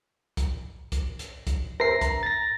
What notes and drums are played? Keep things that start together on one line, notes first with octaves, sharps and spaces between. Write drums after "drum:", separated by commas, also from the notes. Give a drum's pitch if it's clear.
drum: kick, hi-hat
drum: kick, hi-hat
drum: hi-hat
drum: kick, hi-hat
A#4 C5 E5 A#6 C7
A#5, drum: kick, hi-hat
A6 A#6